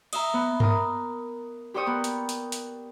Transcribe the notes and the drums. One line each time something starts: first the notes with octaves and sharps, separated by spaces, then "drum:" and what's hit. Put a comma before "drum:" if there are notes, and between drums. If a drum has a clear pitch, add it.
D#5 E5 A#5, drum: cymbal
B3
A#4 A#5 D#6, drum: tom G2
G4 C5 D5 G5 C#6 D#6
B3 A#4
drum: hi-hat
drum: hi-hat
drum: hi-hat